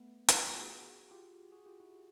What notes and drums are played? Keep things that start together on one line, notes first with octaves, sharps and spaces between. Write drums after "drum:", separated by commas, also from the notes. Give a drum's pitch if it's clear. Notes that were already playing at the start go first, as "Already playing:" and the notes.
Already playing: A3 B3
D#4 F4, drum: hi-hat
E4 F#4
F4 G4
F#4 G#4
F4 G4
F#4 G#4
F4 G4
E4 F#4